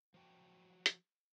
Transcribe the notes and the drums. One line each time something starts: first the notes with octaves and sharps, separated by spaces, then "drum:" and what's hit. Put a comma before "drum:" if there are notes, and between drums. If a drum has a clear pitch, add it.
F3 F#3 F#4 G5 A5
drum: hi-hat